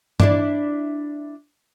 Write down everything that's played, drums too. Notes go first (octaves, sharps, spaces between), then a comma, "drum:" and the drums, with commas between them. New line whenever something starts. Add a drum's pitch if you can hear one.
D4 E4 D5, drum: tom G2